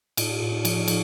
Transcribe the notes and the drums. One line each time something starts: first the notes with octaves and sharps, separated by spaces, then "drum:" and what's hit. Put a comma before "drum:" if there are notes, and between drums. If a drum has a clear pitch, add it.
A2 F4, drum: cymbal
G4
A2 F4
D#4
F3, drum: cymbal
F3, drum: cymbal